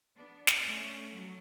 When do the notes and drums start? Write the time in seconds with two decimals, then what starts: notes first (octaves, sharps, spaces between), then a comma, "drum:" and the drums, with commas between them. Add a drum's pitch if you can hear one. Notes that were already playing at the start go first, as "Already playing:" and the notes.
0.17 B3 D4
0.47 drum: snare
0.63 A3 C#4
1.10 F#3